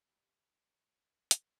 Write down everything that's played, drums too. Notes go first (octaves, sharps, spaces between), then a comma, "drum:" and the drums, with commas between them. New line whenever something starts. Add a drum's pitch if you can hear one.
G3
drum: hi-hat